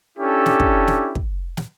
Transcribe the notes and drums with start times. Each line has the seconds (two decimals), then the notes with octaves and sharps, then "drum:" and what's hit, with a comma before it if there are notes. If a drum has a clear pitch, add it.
0.18 C#4 D4 E4 G4 A4
0.46 drum: snare
0.60 drum: kick
0.88 drum: snare
1.15 drum: kick
1.57 drum: snare